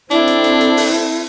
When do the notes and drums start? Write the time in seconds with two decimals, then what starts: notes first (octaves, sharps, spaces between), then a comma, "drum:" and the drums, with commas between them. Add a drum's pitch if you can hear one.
0.11 C4 D4 E4 A4, drum: hi-hat
0.27 drum: hi-hat
0.44 drum: hi-hat
0.61 drum: hi-hat
0.77 drum: open hi-hat
0.94 drum: hi-hat